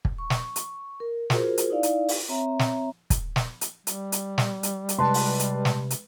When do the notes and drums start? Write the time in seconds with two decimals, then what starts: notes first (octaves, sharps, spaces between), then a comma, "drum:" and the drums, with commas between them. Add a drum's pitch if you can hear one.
0.05 drum: kick
0.18 C#6
0.30 drum: snare
0.56 drum: hi-hat
1.00 A#4
1.30 F4 F#4 G#4 A#4 C5, drum: snare
1.58 drum: hi-hat
1.70 D#4 E4 D5 F5
1.83 drum: hi-hat
2.08 drum: open hi-hat
2.29 C4 C#5 E5 A#5
2.59 drum: snare
3.10 drum: kick, hi-hat
3.36 drum: snare
3.61 drum: hi-hat
3.87 G3, drum: hi-hat
4.12 drum: hi-hat
4.38 drum: snare
4.63 drum: hi-hat
4.89 drum: hi-hat
4.98 C3 G#3 B4 A5 C6
5.14 drum: open hi-hat
5.40 drum: hi-hat
5.65 drum: snare
5.90 drum: hi-hat